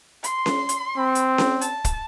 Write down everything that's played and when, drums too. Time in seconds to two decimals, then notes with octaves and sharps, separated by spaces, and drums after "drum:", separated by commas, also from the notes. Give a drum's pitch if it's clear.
0.24 C6, drum: hi-hat
0.46 drum: snare C#4
0.69 drum: hi-hat
0.97 C4
1.15 drum: hi-hat
1.38 drum: snare C#4
1.61 A5, drum: hi-hat
1.85 drum: kick, hi-hat